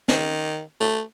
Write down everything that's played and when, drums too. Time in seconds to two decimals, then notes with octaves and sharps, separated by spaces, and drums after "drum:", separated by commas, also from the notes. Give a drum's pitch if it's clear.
0.08 D#3, drum: snare
0.80 A3